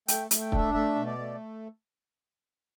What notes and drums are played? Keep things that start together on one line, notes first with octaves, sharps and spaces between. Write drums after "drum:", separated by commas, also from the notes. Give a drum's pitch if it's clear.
A3 G5, drum: hi-hat
A3, drum: hi-hat
G5
D4, drum: kick
E5
A3 E5
B2
D5
A3